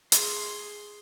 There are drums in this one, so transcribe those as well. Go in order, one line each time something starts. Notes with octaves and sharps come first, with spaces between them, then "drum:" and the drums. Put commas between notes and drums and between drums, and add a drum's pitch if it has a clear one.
G#4 C6, drum: hi-hat